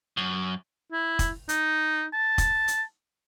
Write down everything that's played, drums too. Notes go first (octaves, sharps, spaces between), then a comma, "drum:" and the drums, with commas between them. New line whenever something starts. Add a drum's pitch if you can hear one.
F#2
E4
drum: kick, hi-hat
D#4, drum: hi-hat
A5
drum: kick, hi-hat
drum: hi-hat